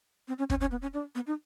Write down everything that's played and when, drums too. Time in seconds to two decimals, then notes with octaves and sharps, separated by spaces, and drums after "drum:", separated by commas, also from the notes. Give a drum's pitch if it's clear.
0.28 C4
0.38 C#4
0.50 C#4, drum: kick
0.61 C#4
0.71 B3
0.82 C#4
0.94 D4
1.15 B3
1.27 D#4